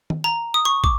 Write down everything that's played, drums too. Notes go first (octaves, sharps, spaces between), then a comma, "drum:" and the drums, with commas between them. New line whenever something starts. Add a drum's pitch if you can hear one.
drum: tom D#3
A#5
D#6
C#6
D6, drum: kick